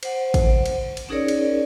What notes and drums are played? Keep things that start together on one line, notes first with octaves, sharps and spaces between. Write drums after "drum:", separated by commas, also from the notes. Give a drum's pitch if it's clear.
C5 F#5, drum: cymbal
drum: kick, cymbal
drum: cymbal
drum: cymbal
C#4 D#4 G#4 A#4 C#5 D5
drum: cymbal